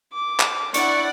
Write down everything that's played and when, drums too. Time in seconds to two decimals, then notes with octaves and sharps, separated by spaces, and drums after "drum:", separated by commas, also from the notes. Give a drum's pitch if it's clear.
0.13 D6
0.40 drum: clap
0.74 D4 E4 D5 F#5 C#6, drum: hi-hat